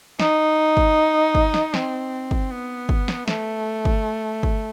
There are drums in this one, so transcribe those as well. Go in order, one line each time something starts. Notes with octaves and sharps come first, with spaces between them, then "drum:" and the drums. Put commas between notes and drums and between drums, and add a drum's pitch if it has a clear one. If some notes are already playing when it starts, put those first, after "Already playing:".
D#4, drum: snare
drum: kick G1
drum: kick G1
drum: snare
C4, drum: snare
drum: kick G1
B3
drum: kick G1
drum: snare
A3, drum: snare
drum: kick G1
drum: kick G1